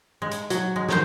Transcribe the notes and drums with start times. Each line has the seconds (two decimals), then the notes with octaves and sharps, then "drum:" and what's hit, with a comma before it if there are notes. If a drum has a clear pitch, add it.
0.22 G#3
0.32 drum: hi-hat
0.50 F#3, drum: hi-hat
0.76 G#3
0.89 D#3 C5, drum: snare